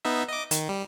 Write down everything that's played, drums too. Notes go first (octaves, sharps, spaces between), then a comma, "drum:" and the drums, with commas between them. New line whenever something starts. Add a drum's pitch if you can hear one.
B3 D#4 E5
D#5 D6
D#3, drum: hi-hat
G3